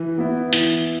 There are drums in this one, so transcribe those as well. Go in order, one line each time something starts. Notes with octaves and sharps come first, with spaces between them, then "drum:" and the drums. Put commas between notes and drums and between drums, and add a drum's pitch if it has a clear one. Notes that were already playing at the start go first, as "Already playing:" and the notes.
Already playing: E3
B3 E4
E3, drum: hi-hat